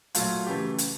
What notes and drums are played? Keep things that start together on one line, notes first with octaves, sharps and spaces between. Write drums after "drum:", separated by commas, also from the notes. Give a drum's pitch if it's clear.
A#2 F#3 A3 F4, drum: hi-hat
C#3 E3 A3 G4
drum: hi-hat